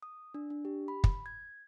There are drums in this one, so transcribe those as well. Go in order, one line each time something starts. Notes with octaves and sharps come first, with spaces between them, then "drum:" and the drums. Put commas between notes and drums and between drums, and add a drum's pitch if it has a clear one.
D#6
D4
D4
G4
B5
drum: kick
G#6